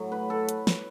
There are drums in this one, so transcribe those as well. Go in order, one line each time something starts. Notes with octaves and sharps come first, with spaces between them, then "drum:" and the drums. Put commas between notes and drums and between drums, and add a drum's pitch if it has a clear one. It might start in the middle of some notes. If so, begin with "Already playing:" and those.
Already playing: A2 F#3
B4
A4
drum: hi-hat
drum: snare